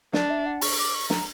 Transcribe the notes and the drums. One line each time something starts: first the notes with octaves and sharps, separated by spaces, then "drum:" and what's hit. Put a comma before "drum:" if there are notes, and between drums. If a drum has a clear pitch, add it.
D4 D5, drum: snare
E5
F#5
C#6, drum: open hi-hat
D6
C#6
A#5, drum: snare